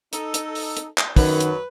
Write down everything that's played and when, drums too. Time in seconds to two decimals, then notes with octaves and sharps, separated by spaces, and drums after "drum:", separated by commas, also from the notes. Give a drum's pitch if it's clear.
0.13 D#4 A4, drum: hi-hat
0.34 drum: hi-hat
0.55 drum: open hi-hat
0.77 drum: hi-hat
0.98 drum: clap
1.16 F#2 D#3 F#3 B4, drum: kick, open hi-hat
1.40 drum: hi-hat